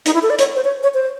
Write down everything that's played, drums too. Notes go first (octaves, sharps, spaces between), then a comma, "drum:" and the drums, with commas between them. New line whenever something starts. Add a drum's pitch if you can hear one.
D#4, drum: hi-hat
E4
A4
D5
C#5, drum: hi-hat
C5
C#5
C#5
C5